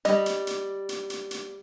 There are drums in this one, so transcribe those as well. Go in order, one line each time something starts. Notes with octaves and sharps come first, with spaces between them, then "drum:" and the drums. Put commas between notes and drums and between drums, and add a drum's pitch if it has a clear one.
G3 D#5, drum: hi-hat
drum: hi-hat
drum: hi-hat
drum: hi-hat
drum: hi-hat
drum: hi-hat